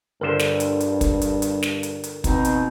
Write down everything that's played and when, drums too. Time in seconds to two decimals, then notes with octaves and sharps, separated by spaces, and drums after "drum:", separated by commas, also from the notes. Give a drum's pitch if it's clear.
0.21 G1 G2 D3 A#4 C5
0.39 drum: snare
0.60 drum: hi-hat
0.80 drum: hi-hat
1.01 drum: kick, hi-hat
1.21 drum: hi-hat
1.42 drum: hi-hat
1.63 drum: snare
1.83 drum: hi-hat
2.04 drum: hi-hat
2.24 B2 C4 D#4, drum: kick, hi-hat
2.45 drum: hi-hat